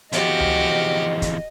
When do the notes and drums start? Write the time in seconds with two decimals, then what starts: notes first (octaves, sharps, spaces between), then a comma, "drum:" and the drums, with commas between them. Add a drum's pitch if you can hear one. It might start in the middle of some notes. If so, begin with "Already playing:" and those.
0.12 E2 F3 F#4 G4 D#5, drum: hi-hat
0.40 drum: tom C#2
1.22 drum: kick, hi-hat